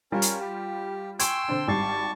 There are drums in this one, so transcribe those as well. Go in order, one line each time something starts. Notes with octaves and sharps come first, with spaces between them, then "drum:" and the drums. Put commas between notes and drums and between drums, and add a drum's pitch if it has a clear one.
G3 C#4 F4 A#4
drum: hi-hat
G4
G5 G#5 C6 C#6 E6 G#6, drum: hi-hat
D3 C4 D4
G#1 G3 D5 A5 C#6 C7